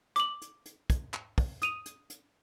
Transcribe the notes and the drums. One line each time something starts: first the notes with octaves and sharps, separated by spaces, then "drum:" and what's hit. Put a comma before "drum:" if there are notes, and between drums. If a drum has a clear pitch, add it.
D6 F#7, drum: hi-hat
drum: hi-hat
drum: hi-hat
drum: kick, hi-hat
drum: clap
drum: kick, open hi-hat
D#6 D#7 F7, drum: hi-hat
drum: hi-hat
drum: hi-hat